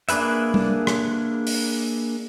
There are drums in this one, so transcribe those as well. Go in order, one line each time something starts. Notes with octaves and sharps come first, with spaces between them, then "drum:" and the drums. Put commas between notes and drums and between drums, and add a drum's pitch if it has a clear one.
A#3 D4 G#4 B4 E5, drum: hi-hat
drum: tom G3
drum: rim click
drum: open hi-hat